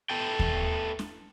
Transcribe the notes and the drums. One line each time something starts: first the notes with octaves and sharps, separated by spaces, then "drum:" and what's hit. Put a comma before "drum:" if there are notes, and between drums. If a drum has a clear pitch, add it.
A3 B3 A4 G5
drum: kick D#2
drum: snare